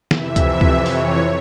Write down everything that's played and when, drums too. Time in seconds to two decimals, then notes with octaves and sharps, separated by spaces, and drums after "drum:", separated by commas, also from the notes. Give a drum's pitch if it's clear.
0.11 F2 C3 E3 E5, drum: snare
0.36 drum: kick, hi-hat
0.61 drum: kick
0.86 C#5, drum: open hi-hat